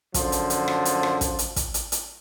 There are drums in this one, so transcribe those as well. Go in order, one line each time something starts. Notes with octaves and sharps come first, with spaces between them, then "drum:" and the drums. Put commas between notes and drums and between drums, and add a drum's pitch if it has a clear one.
F#2 D3 F3, drum: kick, hi-hat
drum: hi-hat
drum: hi-hat
drum: rim click
drum: hi-hat
drum: rim click
drum: kick, hi-hat
drum: hi-hat
drum: kick, hi-hat
drum: hi-hat
drum: hi-hat